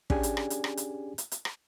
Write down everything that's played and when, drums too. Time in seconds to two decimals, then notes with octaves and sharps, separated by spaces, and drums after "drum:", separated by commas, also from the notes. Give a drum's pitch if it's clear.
0.10 C#4 D4 G4 G#4 D5 G#5, drum: kick
0.23 drum: hi-hat
0.37 drum: rim click
0.50 drum: hi-hat
0.64 drum: rim click
0.77 drum: hi-hat
1.18 drum: hi-hat
1.32 drum: hi-hat
1.45 drum: rim click